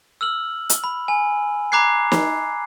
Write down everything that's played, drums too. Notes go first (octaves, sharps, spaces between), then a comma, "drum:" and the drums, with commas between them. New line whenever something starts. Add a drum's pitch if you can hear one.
E6 F6 F#7
drum: hi-hat
B5
G#5
A#5 B5 D6 F#6 G#6 C7
drum: snare